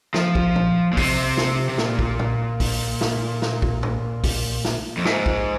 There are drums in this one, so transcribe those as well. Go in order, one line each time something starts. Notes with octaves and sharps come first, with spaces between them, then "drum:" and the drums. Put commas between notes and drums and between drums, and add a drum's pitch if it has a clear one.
F3, drum: snare
drum: kick
drum: tom
A#2
C3, drum: kick, open hi-hat
drum: snare
C3
A#2, drum: snare
drum: kick
drum: tom
drum: kick, open hi-hat
drum: snare
drum: snare
drum: kick
drum: tom
drum: kick, open hi-hat
drum: snare
F2
G#2, drum: snare
drum: kick